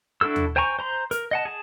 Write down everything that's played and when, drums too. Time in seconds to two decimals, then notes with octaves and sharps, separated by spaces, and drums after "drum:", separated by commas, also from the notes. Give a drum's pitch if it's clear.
0.21 D4 E4 F#4 A4 E6
0.36 drum: tom D#2
0.56 C5 G5 G#5 A#5 C#6
0.79 C5 A#5 C6
1.11 A#4, drum: hi-hat
1.31 D#5 F#5 A5
1.45 G#4 A5